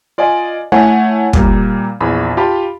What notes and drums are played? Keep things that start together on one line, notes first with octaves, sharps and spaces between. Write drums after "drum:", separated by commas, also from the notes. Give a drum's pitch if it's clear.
F4 D5 D#5 G#5
A3 E4 C#5 F#5 G#5
A#2 G3 A#3, drum: kick
A#1 E2 B5
F4 G4 A5 B5